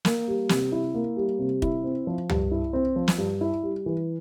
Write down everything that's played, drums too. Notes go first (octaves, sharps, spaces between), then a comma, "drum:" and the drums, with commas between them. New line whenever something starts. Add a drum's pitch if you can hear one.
A#3, drum: snare
G3
C3, drum: snare
E4
A#3
G3
C3
E4, drum: kick
C4
F3
G2, drum: tom C#2
E4
C4
F3
drum: snare
G2
E4
G3
E3